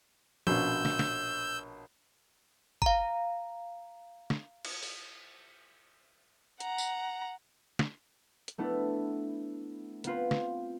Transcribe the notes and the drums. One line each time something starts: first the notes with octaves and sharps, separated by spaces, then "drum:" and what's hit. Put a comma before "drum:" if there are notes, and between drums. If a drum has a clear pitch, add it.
A#1 B2 C#4 E6 G6, drum: tom F3
drum: snare
drum: snare
F5 A#5, drum: kick G1
drum: snare
drum: cymbal
drum: open hi-hat
F#5 A#5, drum: hi-hat
drum: tambourine
drum: snare
drum: hi-hat
A3 B3 D4 E4
B3 C4 F4 B4, drum: hi-hat
drum: snare